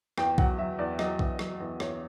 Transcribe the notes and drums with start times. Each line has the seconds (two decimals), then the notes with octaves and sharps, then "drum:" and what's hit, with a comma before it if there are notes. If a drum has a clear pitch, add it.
0.18 E2 G5, drum: rim click
0.38 F#3 F#5, drum: kick
0.58 F#3 E5
0.79 E2 D5
0.99 F#3 D#5, drum: rim click
1.19 E2, drum: kick
1.39 F#3, drum: rim click
1.60 E2
1.80 E2 C#5, drum: rim click